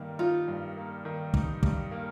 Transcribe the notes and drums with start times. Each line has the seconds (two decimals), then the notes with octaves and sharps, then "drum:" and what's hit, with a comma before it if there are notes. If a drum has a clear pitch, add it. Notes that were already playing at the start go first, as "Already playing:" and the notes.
Already playing: G2 D#3 A#3
0.19 D#4 F4
0.48 G2
0.77 A#3
1.05 D#3
1.34 D#4, drum: kick
1.63 G2, drum: kick
1.91 A#3